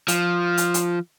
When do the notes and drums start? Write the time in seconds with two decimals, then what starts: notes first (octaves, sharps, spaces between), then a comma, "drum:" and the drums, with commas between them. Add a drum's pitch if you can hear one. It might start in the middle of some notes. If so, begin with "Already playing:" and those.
0.08 F3, drum: hi-hat
0.57 drum: hi-hat
0.74 drum: hi-hat